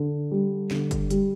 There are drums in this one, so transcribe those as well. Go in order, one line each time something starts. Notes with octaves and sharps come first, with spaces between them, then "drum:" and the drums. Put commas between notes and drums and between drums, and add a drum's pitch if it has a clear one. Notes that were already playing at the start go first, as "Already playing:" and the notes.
Already playing: D3
G3
D3, drum: snare
drum: kick F#1, hi-hat
G3, drum: hi-hat